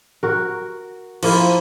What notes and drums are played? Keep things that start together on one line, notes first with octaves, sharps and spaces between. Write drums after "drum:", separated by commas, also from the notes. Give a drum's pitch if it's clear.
F#4 A#4
F3 A#3 E4 A#4, drum: cymbal